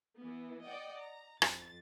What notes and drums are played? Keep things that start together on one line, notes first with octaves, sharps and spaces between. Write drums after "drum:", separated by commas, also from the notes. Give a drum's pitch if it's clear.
E3 B3
D5 D#5 F#5 G5
A#5
F2 A6, drum: rim click